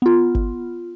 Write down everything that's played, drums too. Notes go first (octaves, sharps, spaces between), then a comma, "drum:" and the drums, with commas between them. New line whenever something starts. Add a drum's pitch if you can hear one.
B3 F4
drum: kick G#1